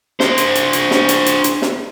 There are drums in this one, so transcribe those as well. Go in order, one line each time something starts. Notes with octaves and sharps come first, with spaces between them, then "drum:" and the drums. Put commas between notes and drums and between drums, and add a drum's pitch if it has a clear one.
D4 C5, drum: snare
drum: hi-hat
drum: hi-hat
drum: hi-hat
drum: snare
drum: hi-hat
drum: hi-hat
drum: hi-hat
drum: snare